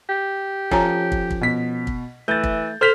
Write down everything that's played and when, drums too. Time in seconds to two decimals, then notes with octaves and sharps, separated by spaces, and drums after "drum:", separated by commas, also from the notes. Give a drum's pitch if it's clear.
0.09 G4
0.71 F3 C#4 A4 C#5 G#5 A#5, drum: kick
1.12 drum: kick
1.31 drum: kick
1.41 B2 B6
1.87 drum: kick
2.28 E3 A3 G6 A6
2.44 drum: kick
2.81 A4 C5 F6 B6 F7